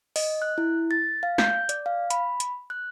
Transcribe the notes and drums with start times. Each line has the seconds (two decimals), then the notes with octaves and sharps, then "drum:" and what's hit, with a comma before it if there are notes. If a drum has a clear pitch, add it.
0.16 D#5, drum: open hi-hat
0.42 F#6
0.58 E4
0.91 A6
1.23 F5
1.38 G6, drum: snare
1.69 D5, drum: hi-hat
1.86 F5
2.10 B5, drum: hi-hat
2.40 drum: hi-hat
2.70 F#6